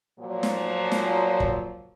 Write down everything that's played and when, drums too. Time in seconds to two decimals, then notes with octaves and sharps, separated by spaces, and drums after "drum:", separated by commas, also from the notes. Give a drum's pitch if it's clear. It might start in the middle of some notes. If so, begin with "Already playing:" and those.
0.19 A#2 F3 F#3
0.43 drum: snare
0.92 drum: snare
1.40 drum: kick